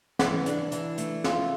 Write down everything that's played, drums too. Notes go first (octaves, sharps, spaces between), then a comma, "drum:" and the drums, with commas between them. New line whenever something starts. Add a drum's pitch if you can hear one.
E3, drum: snare
D4, drum: hi-hat
E3, drum: hi-hat
A3, drum: hi-hat
F4, drum: snare